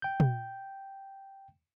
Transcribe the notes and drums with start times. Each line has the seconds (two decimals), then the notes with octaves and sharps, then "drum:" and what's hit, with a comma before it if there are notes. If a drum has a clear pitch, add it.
0.02 G5 G6
0.20 drum: tom